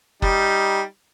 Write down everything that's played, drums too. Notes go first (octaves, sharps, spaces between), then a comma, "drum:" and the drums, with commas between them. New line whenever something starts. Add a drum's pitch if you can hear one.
G3 D#4, drum: kick F#1